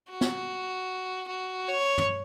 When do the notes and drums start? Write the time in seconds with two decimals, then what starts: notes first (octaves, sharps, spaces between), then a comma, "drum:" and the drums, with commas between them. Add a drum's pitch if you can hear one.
0.10 F#4
0.21 drum: snare
1.28 F#4
1.68 C#5
1.98 drum: tom